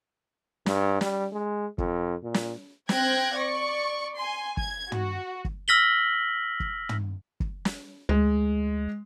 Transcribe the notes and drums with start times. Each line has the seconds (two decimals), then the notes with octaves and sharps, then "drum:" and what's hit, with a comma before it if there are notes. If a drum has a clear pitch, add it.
0.66 G2, drum: snare
1.01 G3, drum: snare
1.32 G#3
1.78 F2, drum: kick
2.23 A#2
2.34 drum: snare
2.89 C4 G5 F#6 G#6 A#6, drum: snare
3.37 D5 C#6
4.16 G#5 C6
4.57 G#6, drum: kick
4.92 F#4, drum: tom
5.45 drum: kick
5.68 E6 F6 A#6 B6 F#7 G7
6.60 drum: kick
6.89 drum: tom
7.40 drum: kick
7.65 drum: snare
8.09 D2 G#3